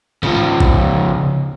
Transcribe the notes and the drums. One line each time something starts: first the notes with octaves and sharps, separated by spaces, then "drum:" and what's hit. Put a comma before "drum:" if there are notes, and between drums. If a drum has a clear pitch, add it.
C#3 F3, drum: tom G#2
drum: kick G#1